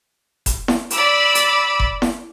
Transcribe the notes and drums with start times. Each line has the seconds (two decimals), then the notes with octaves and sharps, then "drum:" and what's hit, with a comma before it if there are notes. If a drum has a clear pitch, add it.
0.46 drum: kick F1, hi-hat
0.68 drum: snare E4
0.90 D5 B5 D6 E6, drum: hi-hat
1.35 drum: hi-hat
1.80 drum: kick F1
2.02 drum: snare E4